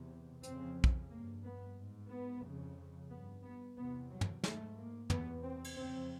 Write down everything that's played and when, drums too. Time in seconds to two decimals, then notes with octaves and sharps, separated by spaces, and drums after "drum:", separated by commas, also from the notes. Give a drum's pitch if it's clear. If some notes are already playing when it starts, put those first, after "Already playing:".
Already playing: E2 C3
0.43 F2 C#3 C4, drum: hi-hat
0.84 drum: kick
1.10 G2 A#3
1.43 B3
1.77 G#2
2.10 B3
2.44 F2 C#3
3.10 G2 B3
3.43 B3
3.77 E2 C3 B3
4.10 F#3
4.21 drum: tom
4.44 G#2 A3, drum: snare
4.77 A#3
5.10 E2 C3 B3, drum: tom
5.43 C4
5.64 drum: cymbal
5.77 F2 C#3 C4